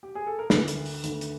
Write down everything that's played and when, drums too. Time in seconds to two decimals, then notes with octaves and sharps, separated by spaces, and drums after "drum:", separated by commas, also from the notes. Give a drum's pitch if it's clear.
0.03 G4
0.15 G#4
0.27 A4
0.39 A#4
0.50 D2 D3 B4, drum: snare
0.68 drum: hi-hat
0.86 drum: open hi-hat
1.04 D2 D3, drum: hi-hat
1.21 drum: hi-hat